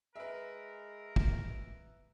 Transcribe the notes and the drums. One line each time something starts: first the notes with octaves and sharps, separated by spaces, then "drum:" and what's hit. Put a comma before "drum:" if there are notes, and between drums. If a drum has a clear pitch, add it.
G#3 A#4 B4 E5
drum: kick